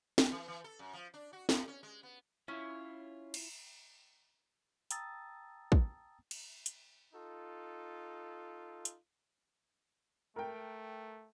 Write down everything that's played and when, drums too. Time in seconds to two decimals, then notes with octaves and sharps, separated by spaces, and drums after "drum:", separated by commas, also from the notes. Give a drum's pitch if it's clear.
0.18 E3, drum: snare
0.31 E3
0.48 E3
0.64 A4
0.79 F#2
0.93 F3
1.14 D4
1.33 F#4
1.49 G2, drum: snare
1.68 C#4
1.83 G#3
2.03 B3
2.48 C#4 E4 F4 E5
3.34 drum: cymbal
4.91 G5 A5 A#5 D#6 E6 A6, drum: hi-hat
5.72 drum: kick
6.31 drum: cymbal
6.66 drum: hi-hat
7.14 D#4 F4 A4
8.85 drum: hi-hat
10.36 A3 A#4 G5